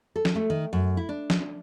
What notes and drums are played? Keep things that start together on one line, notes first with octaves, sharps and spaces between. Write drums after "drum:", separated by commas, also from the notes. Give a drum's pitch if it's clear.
A4
drum: snare
A3
D#3
F#2
E4
D4
drum: snare